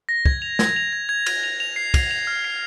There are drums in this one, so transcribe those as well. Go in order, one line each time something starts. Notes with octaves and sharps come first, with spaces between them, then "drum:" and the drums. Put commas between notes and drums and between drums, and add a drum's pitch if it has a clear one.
A#6
G#6, drum: kick
F7
G#6, drum: snare
F7
G#6
G#6
F7, drum: cymbal
F7
F7
C7
C7, drum: kick, cymbal
F7
F6
C7